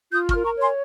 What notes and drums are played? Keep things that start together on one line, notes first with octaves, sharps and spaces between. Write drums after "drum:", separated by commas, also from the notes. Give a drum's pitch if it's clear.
F4 D#6 G6
C#6 F6, drum: kick
A#4
A#5 C#6
C#5
G#5 C6